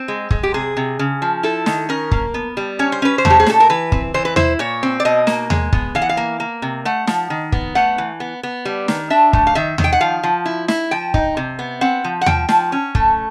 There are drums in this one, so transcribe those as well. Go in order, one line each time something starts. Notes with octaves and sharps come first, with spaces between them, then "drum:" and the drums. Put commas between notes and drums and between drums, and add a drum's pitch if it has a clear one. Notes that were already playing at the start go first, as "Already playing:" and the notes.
Already playing: C4
G#3
G#3, drum: kick
G4
C3 G#4
C3
C#3
F3
E4 A4
D#3, drum: snare
C#4 A#4
A#3, drum: kick
B3
G3
C#4 C#5
C5
C#4 B4
C5
A3, drum: tom D#2
G4
G#4
A#2 A4, drum: snare
A#4
E3 B4
C4, drum: kick
E3 C5
B4
E4 C5, drum: tom D#2
A#2 C#5
C4
D5
B2 D#5
A#3, drum: snare
G#3, drum: tom D#2
B3, drum: kick
E3 F5
F#5
F5
A#3
A#3
C3
A3 F#5
F3, drum: snare
D#3
B3, drum: kick
A3 F#5
E3
B3
B3
G3
D#3, drum: snare
D4 E5
A3, drum: kick
F5
D#3 E5
D#3, drum: tom D#2
G5
F#5
F3 F5
F3
E4
E4, drum: snare
F3 G5
D#4, drum: kick
C3
B3
C4 F#5
F3
F#5
F3 G5, drum: tom D#2
F3, drum: snare
C#4
A3, drum: kick